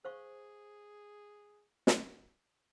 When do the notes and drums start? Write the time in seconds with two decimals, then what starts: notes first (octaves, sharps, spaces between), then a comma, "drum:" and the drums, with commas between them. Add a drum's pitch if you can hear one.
0.05 G#4 C5 F5 C#6
1.87 drum: snare